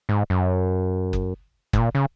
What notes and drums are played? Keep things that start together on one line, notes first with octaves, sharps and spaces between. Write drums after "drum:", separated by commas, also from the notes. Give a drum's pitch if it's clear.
G#2
F#2
drum: kick F#1
G#2, drum: kick F#1
A#2
C#3